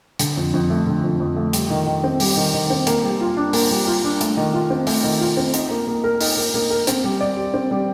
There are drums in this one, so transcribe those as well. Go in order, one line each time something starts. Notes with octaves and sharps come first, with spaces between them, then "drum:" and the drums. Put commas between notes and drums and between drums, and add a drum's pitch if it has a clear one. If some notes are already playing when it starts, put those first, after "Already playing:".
D3, drum: hi-hat
F2
F2
A3
D3
F2
F2
A3
G3, drum: hi-hat
D#3
D#3
C4
G3, drum: open hi-hat
D#3
D#3
C4
A#3, drum: hi-hat
G3
F4
D4
A#3, drum: open hi-hat
G3
F4
D4
A3, drum: hi-hat
D#3
F4
C4
A3, drum: open hi-hat
D#3
F4
C4
D#4, drum: hi-hat
A#3
A#3
A#4
D#4, drum: open hi-hat
A#3
A#3
A#4
C4, drum: hi-hat
G3
D5
G4
C4
G3